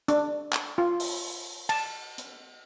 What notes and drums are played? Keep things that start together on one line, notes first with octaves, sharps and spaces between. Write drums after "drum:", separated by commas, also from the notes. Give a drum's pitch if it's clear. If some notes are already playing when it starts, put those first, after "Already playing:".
D4, drum: hi-hat
drum: clap
F4
drum: open hi-hat
A5, drum: cymbal
drum: hi-hat